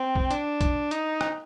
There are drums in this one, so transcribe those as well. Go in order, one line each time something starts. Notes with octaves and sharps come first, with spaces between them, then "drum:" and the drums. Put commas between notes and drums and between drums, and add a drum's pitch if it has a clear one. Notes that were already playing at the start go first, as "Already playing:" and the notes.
Already playing: C4
drum: kick A#1
D4, drum: hi-hat
drum: kick A#1, hi-hat
D#4, drum: hi-hat
drum: rim click